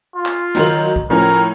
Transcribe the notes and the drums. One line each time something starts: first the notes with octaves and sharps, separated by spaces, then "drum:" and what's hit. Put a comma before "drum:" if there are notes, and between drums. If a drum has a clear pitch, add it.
F4
drum: clap
D#3 F#3 D#4, drum: snare
drum: kick
A2 F3 C#4 A#4